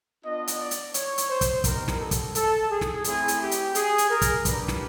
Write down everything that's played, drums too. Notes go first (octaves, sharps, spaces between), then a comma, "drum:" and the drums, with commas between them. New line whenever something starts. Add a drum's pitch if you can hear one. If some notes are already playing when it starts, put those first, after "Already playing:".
B3 D4 F4 D#5
drum: hi-hat
D5
drum: hi-hat
C#5, drum: hi-hat
drum: hi-hat
C5
drum: kick, hi-hat
G3 B3 D#4 A#4, drum: kick, hi-hat
drum: snare
A4
drum: kick, hi-hat
A4, drum: hi-hat
G#4
drum: snare
A3 C4 E4 G#4, drum: hi-hat
drum: hi-hat
G4
drum: hi-hat
G#4, drum: hi-hat
drum: hi-hat
A#4
drum: kick, hi-hat
G3 A#3 D4 G4 B4, drum: kick, hi-hat
drum: snare